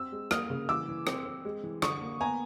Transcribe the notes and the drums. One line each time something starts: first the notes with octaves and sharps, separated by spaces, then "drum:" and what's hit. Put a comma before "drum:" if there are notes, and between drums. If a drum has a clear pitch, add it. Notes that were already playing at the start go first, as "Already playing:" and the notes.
Already playing: C4 E6
G#3
A#3 D#6 F6, drum: rim click
C#3
E3 D6 E6
E3
C4, drum: rim click
C4
G#3
E3
D3 C#6 D#6, drum: rim click
A#3
B3 G#5 A#5